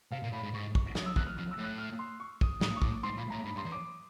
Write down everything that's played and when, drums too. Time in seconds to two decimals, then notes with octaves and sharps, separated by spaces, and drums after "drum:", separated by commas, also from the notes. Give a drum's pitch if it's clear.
0.12 C3 F5
0.23 A#2
0.33 A2 B5
0.43 G#2
0.53 G#2 C#6
0.75 C#6, drum: kick
0.95 F#2 D#6, drum: snare
1.06 E6
1.16 E2 F#6, drum: kick
1.27 F6
1.37 F2 F6
1.51 E6
1.58 A2
1.64 F#6
1.78 F6
1.99 C6
2.20 C#6
2.41 D#6, drum: kick
2.61 A2 D#6, drum: snare
2.76 C#6
2.82 A2 D6, drum: kick
3.03 G#2 C6
3.17 A#2 B5
3.30 A2 A#5
3.44 G#2 B5
3.55 G2 C6
3.65 E2
3.72 D6